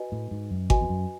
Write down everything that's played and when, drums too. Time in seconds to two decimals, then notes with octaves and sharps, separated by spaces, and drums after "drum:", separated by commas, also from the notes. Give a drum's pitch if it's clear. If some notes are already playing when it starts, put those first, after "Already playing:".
Already playing: F#4 B4 D#5 G#5
0.12 A2
0.31 G#2
0.51 F#2
0.70 F#4 B4 D#5 G#5, drum: kick G#1
0.81 E2
0.89 F#2